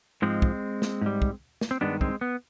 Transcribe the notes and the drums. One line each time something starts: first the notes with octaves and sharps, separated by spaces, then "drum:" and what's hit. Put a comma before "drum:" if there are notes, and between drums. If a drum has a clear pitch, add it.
G#2 F3 G#3 C4
drum: kick
drum: snare
G#2 G3
drum: kick
drum: snare
C4
G2 D#3 G#3 B3 D4
G#3 C4, drum: kick
B3